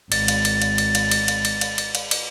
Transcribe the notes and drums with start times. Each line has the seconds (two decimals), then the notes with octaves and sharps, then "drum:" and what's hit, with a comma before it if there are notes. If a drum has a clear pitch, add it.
0.12 G#1 A6, drum: cymbal
0.28 drum: cymbal
0.45 drum: cymbal
0.62 drum: cymbal
0.78 drum: cymbal
0.95 drum: cymbal
1.11 drum: cymbal
1.28 drum: cymbal
1.45 drum: cymbal
1.61 drum: cymbal
1.78 drum: cymbal
1.95 drum: cymbal
2.11 drum: cymbal